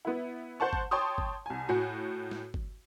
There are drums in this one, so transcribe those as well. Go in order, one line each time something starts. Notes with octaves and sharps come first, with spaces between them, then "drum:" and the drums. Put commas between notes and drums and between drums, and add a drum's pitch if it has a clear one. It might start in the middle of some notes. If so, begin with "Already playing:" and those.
B3 E4
C5 F#5 A5 C#6
drum: kick
C#5 G5 A5 C6 C#6 D#6
drum: kick
C2 G#5
A2 F#4 G#5
drum: snare
drum: kick